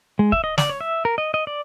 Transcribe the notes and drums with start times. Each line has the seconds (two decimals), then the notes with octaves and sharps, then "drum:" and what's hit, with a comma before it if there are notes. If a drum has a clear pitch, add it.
0.19 G#3
0.32 E5, drum: kick
0.44 D#5
0.58 D5, drum: snare
0.69 C#5
0.81 E5
1.05 A#4
1.18 D#5
1.34 D#5
1.47 D5